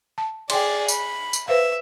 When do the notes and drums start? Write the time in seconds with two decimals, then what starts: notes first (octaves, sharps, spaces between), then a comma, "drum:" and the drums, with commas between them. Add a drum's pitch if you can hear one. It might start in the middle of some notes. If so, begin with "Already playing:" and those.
0.18 A5
0.50 G#4 D5 G5 C6, drum: cymbal
0.88 B5, drum: tambourine
1.33 drum: tambourine
1.48 B4 C5 E5 F5